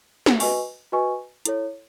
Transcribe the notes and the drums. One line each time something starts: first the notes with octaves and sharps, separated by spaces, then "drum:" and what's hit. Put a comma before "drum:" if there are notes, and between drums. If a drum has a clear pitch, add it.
drum: snare
F#4 B4 D#5 G#5 C#6, drum: open hi-hat
F#4 B4 D#5 G#5 C#6
E4 A4 C#5, drum: hi-hat